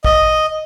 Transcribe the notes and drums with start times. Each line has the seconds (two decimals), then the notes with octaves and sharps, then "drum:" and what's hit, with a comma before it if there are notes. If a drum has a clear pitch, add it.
0.05 D#5, drum: kick